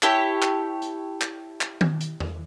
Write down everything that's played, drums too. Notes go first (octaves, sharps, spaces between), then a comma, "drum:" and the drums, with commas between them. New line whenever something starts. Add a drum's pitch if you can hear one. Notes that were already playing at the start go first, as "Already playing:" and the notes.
E4 G4 C#5 A5, drum: clap
drum: clap
drum: hi-hat
drum: clap
drum: clap
drum: tom D#3
drum: hi-hat
drum: tom E2